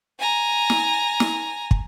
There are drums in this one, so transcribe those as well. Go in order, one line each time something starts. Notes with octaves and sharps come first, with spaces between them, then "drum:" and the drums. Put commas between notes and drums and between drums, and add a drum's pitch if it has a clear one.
G#5 A#5
drum: snare
drum: snare
drum: kick